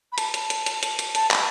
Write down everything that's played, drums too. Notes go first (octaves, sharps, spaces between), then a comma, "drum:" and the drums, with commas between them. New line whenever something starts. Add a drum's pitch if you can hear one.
B5
A5, drum: hi-hat
drum: hi-hat
drum: hi-hat
drum: hi-hat
drum: hi-hat
drum: hi-hat
A5, drum: hi-hat
B5, drum: clap